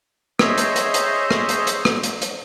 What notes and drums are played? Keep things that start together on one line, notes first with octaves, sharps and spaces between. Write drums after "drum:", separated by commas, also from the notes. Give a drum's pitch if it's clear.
G#4 C5 C#5 D#5 E5 G6, drum: rim click
drum: hi-hat
drum: hi-hat
drum: hi-hat
drum: rim click
drum: hi-hat
drum: hi-hat
drum: rim click
drum: hi-hat
drum: hi-hat